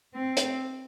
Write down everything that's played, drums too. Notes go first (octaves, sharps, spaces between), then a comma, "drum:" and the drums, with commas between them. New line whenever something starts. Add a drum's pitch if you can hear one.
C4
drum: hi-hat